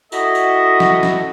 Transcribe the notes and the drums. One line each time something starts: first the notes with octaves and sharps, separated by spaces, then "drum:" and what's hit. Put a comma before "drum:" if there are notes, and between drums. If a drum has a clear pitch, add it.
E4 F#4 A4 D#5, drum: tambourine
drum: tambourine
drum: snare
drum: snare